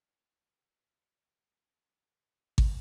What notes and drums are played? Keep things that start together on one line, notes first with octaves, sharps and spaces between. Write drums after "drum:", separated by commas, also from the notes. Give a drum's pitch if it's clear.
F#1 C2 F3 G3 A3 F#4 G4 B4
drum: kick G#1